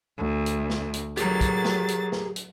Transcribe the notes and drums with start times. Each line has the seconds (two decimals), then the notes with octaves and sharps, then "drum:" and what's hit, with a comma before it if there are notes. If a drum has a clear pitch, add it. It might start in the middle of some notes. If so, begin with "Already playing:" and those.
0.17 D2
0.46 drum: hi-hat
0.70 drum: snare
0.94 drum: hi-hat
1.17 F#3 G4 G#4 A#4 A6, drum: hi-hat
1.41 drum: kick, hi-hat
1.65 drum: snare
1.88 drum: hi-hat
2.12 drum: snare
2.36 drum: hi-hat